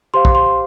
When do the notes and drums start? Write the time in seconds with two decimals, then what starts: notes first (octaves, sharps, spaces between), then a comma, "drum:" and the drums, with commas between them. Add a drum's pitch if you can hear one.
0.14 G4 C5 F5 C6
0.25 drum: kick
0.35 C6